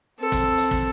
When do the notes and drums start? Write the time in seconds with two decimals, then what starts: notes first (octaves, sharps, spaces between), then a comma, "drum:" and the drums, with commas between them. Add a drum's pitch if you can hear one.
0.19 C4 A4
0.32 drum: kick, hi-hat
0.58 drum: hi-hat
0.71 drum: kick